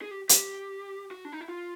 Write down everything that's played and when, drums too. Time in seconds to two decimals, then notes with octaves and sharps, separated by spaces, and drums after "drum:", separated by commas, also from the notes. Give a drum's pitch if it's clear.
0.02 G#4
0.11 G4
0.29 G4, drum: hi-hat
1.11 F#4
1.25 D4
1.32 D#4
1.41 E4
1.48 F4